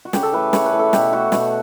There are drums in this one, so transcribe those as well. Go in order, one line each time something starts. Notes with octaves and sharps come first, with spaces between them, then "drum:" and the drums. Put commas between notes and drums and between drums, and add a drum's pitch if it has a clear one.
F#4
C#3 G4, drum: snare
A4
E3 A3 B4
C#3 C#5, drum: snare
B4
E3 A3
A4
B2 G4, drum: snare
A3 F#4
B2, drum: snare